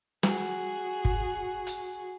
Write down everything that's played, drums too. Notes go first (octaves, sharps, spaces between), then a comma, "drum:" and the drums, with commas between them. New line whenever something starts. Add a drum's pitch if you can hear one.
F#4 G#4, drum: snare
drum: kick
drum: hi-hat